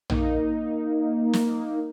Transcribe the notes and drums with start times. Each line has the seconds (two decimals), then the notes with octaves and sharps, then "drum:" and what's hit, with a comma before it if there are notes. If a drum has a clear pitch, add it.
0.10 A#3 D#4, drum: tom A#1
1.33 drum: snare